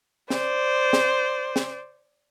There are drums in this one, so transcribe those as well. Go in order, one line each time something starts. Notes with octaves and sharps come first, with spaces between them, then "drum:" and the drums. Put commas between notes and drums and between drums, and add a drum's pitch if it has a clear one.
C5 D5, drum: snare
drum: snare
drum: snare